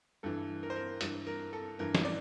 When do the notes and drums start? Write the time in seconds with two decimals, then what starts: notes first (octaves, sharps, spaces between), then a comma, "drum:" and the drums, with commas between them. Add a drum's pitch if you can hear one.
0.23 G2 E3 A4
0.63 A#4
0.70 C5
0.76 A#4
1.01 G2 E3, drum: hi-hat
1.27 A#4
1.53 A4
1.79 G2 E3 A#4
1.95 drum: snare
2.05 D5